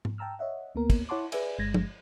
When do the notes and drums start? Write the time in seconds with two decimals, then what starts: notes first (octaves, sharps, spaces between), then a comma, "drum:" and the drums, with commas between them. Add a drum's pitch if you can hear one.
0.05 drum: tom G#2
0.18 G5 A5 A#5 E6 F6
0.39 C#5 D#5 E5 F#5
0.75 D2 A#3 B3 A#4
0.90 drum: kick, cymbal
1.09 E4 C#5 F#5 A5 C6 D6
1.32 G#4 B4 D5 E5 G#5, drum: cymbal
1.59 G1 G#3 G#6 A#6
1.74 drum: tom